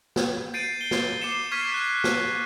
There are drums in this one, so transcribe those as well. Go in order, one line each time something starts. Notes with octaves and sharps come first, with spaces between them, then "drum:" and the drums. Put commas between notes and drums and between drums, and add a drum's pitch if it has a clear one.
drum: snare
G6 A6 C7 D7 D#7
C7 G7
drum: snare
D6 C7 C#7 E7
C#6 F6 G#6 B6 C7 D#7
F#6 C7
F#6
drum: snare